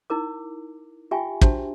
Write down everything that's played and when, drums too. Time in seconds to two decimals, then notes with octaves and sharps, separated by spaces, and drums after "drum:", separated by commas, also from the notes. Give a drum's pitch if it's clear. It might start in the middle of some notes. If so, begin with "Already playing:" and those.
0.10 D#4 E4 A#4 D6
1.11 F4 G4 E5 G5 G#5 C#6
1.41 D4 F#4 G4 C5 E5 A5, drum: kick